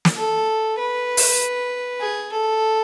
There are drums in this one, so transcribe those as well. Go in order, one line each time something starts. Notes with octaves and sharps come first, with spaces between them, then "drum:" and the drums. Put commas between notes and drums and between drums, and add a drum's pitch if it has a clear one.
drum: snare
A4
B4
drum: open hi-hat
G#4
A4